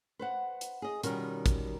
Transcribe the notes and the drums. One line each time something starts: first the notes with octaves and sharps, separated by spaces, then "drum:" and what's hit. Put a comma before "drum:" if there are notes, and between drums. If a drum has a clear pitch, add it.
B4 C5 F#5
drum: hi-hat
G#4 D#5
B2 D#3 G3 C#4 F4 A#4, drum: hi-hat
drum: kick A1, hi-hat